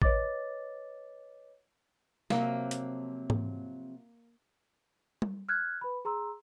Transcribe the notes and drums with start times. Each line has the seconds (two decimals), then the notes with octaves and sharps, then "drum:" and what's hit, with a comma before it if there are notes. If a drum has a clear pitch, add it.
0.02 B4 C#5 D#5 D6 A6, drum: kick A1
2.30 C3 F3 F#3 A#3, drum: snare
2.71 drum: hi-hat
3.30 drum: tom G#2
5.22 drum: tom G3
5.49 F6 F#6 G#6
5.81 B4 B5
6.05 G#4 A#5 C6 E6